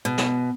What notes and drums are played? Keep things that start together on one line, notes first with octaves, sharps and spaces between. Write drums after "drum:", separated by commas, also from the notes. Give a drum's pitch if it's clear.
B2
drum: snare